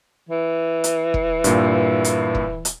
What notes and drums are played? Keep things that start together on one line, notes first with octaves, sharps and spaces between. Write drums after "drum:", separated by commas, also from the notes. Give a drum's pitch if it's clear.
E3
drum: hi-hat
drum: kick E1
G2 A#2, drum: hi-hat
drum: hi-hat
drum: kick E1
drum: hi-hat